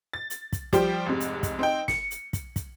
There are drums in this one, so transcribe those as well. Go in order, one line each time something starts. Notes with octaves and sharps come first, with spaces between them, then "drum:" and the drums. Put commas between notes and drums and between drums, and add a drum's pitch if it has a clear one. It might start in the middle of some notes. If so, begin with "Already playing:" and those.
A6
drum: hi-hat
drum: kick, hi-hat
F3 G3 G4 C5 G5, drum: kick, hi-hat
F1 G#2 C3
drum: hi-hat
drum: kick, hi-hat
C4 D#4 G5
C#7, drum: snare
drum: hi-hat
drum: kick, hi-hat
drum: kick, hi-hat